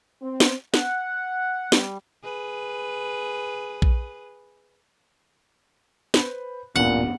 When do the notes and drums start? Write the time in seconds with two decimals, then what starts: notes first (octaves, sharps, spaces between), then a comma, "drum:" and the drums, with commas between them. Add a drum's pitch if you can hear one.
0.22 C4
0.40 drum: snare
0.74 F#5, drum: snare
1.72 G3, drum: snare
2.23 G#4 B4
3.82 drum: kick A#1
6.14 B4 C5 B5, drum: snare
6.76 D1 E2 G2 A#2 G3 B3 C#4 F#5